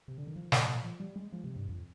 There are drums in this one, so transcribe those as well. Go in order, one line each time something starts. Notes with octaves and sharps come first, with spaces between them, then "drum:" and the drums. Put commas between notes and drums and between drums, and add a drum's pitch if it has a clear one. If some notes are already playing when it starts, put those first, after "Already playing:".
C3
D3
D#3
F3
drum: snare
F3
G3
G#3
F3
C3
G2
F2